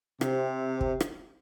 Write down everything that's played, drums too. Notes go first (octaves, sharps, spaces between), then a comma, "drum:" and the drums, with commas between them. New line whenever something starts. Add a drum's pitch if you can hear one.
C3, drum: rim click
drum: kick
drum: rim click